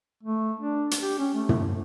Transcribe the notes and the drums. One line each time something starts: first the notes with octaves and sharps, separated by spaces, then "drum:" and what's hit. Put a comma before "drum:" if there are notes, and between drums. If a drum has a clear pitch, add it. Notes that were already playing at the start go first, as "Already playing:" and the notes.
A3
D4
drum: hi-hat
G4
C#4
A3
drum: tom